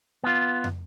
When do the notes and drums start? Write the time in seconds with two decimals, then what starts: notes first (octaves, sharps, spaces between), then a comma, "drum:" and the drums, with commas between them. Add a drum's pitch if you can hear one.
0.24 B3 F4
0.64 drum: tom